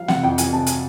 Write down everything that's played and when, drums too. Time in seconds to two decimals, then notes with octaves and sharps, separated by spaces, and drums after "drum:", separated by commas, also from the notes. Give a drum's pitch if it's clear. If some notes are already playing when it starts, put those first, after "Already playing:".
Already playing: F3 F5
0.08 C3 F#5, drum: snare
0.23 F2 G5
0.38 F2 G#5, drum: hi-hat
0.53 C3 A5
0.66 G#5, drum: hi-hat